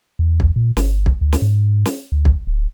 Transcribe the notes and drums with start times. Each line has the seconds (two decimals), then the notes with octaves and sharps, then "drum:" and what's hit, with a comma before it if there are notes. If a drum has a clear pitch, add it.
0.19 E2
0.40 drum: kick
0.56 A#2
0.77 G1, drum: snare
1.06 drum: kick
1.21 D2
1.33 drum: snare
1.42 G#2
1.85 drum: snare
2.12 D2
2.25 drum: kick
2.47 D1